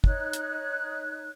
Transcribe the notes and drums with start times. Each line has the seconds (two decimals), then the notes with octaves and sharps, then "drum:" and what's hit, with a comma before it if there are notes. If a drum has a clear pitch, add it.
0.04 D#4 C#5 F#6, drum: kick
0.33 drum: hi-hat